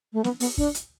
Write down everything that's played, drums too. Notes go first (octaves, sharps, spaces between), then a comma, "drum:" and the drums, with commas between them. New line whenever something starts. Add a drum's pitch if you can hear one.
A3
B3, drum: snare
B3, drum: open hi-hat
D4, drum: kick
drum: hi-hat